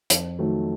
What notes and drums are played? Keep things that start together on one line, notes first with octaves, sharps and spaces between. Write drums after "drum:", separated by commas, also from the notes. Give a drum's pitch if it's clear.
F2, drum: hi-hat
D#3 F#3 A3